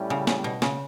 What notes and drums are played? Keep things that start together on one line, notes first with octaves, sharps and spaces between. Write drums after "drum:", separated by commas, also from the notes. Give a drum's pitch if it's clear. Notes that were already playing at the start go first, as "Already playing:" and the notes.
Already playing: A2 G3 C#4 E4
C#3
C#3, drum: snare
B2
C#3, drum: snare